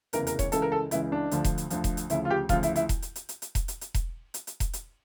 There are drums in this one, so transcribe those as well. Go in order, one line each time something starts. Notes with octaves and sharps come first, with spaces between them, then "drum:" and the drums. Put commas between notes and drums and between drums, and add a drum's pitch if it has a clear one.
F1 E2 C#3 E3 A#4, drum: hi-hat
A#4, drum: hi-hat
C#5, drum: kick E1, hi-hat
C#2 C#3 E3 A4, drum: hi-hat
A#4
A4
C#2 C#3 E3 E4, drum: hi-hat
D4
D2 D3 F3, drum: hi-hat
drum: kick E1, hi-hat
drum: hi-hat
D2 D3 F3, drum: hi-hat
drum: kick E1, hi-hat
drum: hi-hat
D2 C#3 F3 E4, drum: hi-hat
F4
G4
D2 C#3 F3 F4, drum: kick E1, hi-hat
E4, drum: hi-hat
E4, drum: hi-hat
drum: kick E1, hi-hat
drum: hi-hat
drum: hi-hat
drum: hi-hat
drum: hi-hat
drum: kick E1, hi-hat
drum: hi-hat
drum: hi-hat
drum: kick E1, hi-hat
drum: hi-hat
drum: hi-hat
drum: kick E1, hi-hat
drum: hi-hat